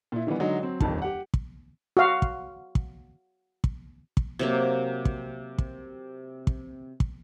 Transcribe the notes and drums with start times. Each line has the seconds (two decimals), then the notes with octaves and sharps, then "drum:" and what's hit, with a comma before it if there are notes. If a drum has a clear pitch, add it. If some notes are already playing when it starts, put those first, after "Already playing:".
0.12 A#2 E4
0.27 D#3 E3 G3 B3
0.40 D3 F#3 G#3 D#4
0.60 F#3 C4
0.80 D#1 F2 D#3 A5, drum: kick
1.02 G4 F#5
1.34 drum: kick
1.97 F#4 F5
2.22 drum: kick
2.75 drum: kick
3.64 drum: kick
4.17 drum: kick
4.39 C3 F#3 A#3
5.05 drum: kick
5.58 drum: kick
6.47 drum: kick
7.00 drum: kick